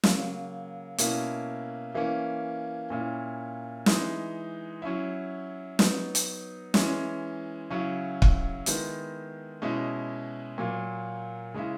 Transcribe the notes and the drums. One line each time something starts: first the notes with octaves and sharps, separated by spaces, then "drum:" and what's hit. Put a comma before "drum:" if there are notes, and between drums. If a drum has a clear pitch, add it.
C#3 F#3 A#3, drum: snare
B2 A#3 C#4 E4, drum: hi-hat
E3 A#3 C#4
A#2 A#3 C#4 E4
E3 G#3 D#4, drum: snare
F#3 C#4 E4
F#3 B3 D#4, drum: snare
drum: hi-hat
E3 G#3 C#4, drum: snare
C#3 F#3 C#4 E4
drum: kick
D#3 G#3 B3 E4, drum: hi-hat
B2 G#3 C#4 E4
A#2 F#3 A#3
C#3 G#3 C#4 E4